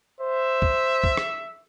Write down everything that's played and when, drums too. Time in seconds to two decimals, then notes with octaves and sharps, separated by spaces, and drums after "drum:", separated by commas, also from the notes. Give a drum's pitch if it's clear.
0.21 C5 E5
0.62 drum: kick
1.04 drum: kick
1.17 drum: rim click